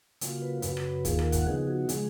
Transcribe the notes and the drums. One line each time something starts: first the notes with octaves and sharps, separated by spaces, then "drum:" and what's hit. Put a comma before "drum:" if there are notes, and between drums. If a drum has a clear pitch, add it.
C#3 F#3 A#3 F4, drum: hi-hat
B4
F#2 C#3 F#3 B4, drum: hi-hat
drum: rim click
D#2 D#3 A#3 F4 G#4, drum: kick, hi-hat
A#4, drum: rim click
F#5, drum: kick, hi-hat
C#3 F3 B3 D#4 G#4
F#4
C#3 F3 G#3 G#4, drum: hi-hat